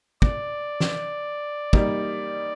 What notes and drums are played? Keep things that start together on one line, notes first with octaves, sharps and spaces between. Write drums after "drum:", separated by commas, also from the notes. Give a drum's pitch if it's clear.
D5, drum: kick
drum: snare
G3 A#3 D#4, drum: kick